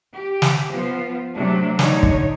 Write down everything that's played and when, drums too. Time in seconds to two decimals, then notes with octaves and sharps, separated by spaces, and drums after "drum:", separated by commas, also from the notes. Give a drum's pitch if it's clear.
0.13 G4
0.42 drum: snare
0.71 F3 B3 F4
1.34 C3 F#3 A3 D4
1.79 D3 D#4 C#5, drum: snare
2.03 drum: kick